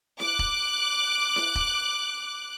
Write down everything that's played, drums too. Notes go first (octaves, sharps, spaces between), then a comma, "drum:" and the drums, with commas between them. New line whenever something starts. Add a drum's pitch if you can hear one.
D6 F#6, drum: snare E4
drum: kick E1
drum: snare E4
drum: kick E1